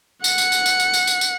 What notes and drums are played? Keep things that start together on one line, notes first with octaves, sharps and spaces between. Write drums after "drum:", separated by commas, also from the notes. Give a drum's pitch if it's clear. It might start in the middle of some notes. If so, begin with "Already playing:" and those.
F#5 C#7, drum: tambourine
drum: tambourine
drum: tambourine
drum: tambourine
drum: tambourine
drum: tambourine
drum: tambourine
drum: tambourine